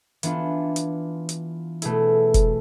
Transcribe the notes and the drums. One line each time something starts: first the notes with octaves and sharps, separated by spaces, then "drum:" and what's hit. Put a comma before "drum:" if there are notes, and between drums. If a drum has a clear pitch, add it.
E3 B3 D4 F4, drum: hi-hat
drum: hi-hat
drum: hi-hat
B2 A3 E4 G#4, drum: hi-hat
drum: kick F1, hi-hat